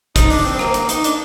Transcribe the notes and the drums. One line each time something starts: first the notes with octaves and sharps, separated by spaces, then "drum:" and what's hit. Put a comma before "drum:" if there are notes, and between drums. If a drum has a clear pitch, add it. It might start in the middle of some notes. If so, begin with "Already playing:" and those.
D#4, drum: kick, hi-hat
D4, drum: open hi-hat
C4
A#3, drum: rim click
A#3, drum: hi-hat
D#4, drum: hi-hat
D4, drum: hi-hat